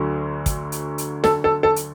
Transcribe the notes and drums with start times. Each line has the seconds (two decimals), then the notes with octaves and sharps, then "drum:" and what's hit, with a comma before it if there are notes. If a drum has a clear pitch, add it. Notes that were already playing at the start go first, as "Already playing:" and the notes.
Already playing: D2 D3 F#3
0.46 drum: kick, hi-hat
0.72 drum: hi-hat
0.98 drum: hi-hat
1.24 A4, drum: snare
1.44 A4
1.63 A4
1.76 drum: hi-hat